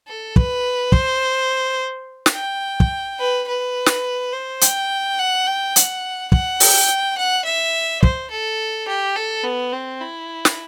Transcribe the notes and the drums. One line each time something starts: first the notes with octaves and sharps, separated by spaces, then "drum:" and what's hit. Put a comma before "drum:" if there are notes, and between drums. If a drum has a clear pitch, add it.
A4
B4, drum: kick
C5, drum: kick
drum: snare
G5
drum: kick
B4
B4
drum: snare
C5
G5, drum: hi-hat
F#5
G5
F#5, drum: hi-hat
F#5, drum: kick
G5, drum: open hi-hat
F#5
E5
C5, drum: kick
A4
G4
A4
B3
C4
E4
drum: snare